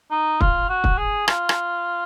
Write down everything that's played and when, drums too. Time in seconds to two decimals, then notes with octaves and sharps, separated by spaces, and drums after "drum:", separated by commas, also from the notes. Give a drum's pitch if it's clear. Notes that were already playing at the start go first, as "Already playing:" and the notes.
0.11 D#4
0.41 F4, drum: kick
0.69 F#4
0.84 drum: kick
0.98 G#4
1.28 F4, drum: rim click
1.49 drum: rim click